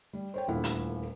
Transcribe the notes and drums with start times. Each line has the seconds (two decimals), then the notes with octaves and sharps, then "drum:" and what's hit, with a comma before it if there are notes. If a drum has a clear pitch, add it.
0.13 G3
0.34 C5 C#5 G5
0.48 D#1 D2 F3 A#3 E4 F#5
0.64 drum: hi-hat